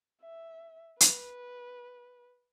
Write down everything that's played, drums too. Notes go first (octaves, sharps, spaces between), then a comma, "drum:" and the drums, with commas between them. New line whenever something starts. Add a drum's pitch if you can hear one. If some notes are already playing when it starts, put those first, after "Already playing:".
E5
B4, drum: hi-hat